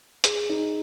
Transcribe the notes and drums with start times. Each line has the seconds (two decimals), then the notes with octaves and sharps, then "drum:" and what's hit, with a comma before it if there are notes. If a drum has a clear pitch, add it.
0.24 G#4, drum: hi-hat
0.49 D#4